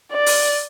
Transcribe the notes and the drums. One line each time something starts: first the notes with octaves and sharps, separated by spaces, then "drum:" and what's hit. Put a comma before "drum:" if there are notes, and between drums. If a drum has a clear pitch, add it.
D5
drum: open hi-hat